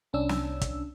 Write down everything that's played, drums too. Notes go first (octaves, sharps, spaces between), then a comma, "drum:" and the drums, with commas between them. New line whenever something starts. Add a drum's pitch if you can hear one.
C2 C#4 D4 E6
drum: snare
drum: kick, hi-hat